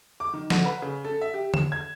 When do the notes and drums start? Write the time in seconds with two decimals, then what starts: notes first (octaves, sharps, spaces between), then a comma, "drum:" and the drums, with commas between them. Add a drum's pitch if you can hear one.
0.20 D6
0.33 D#3
0.50 D3, drum: snare
0.66 B4
0.82 C#3
1.05 A4
1.21 E5
1.34 G4
1.54 E7, drum: tom D3
1.72 G#6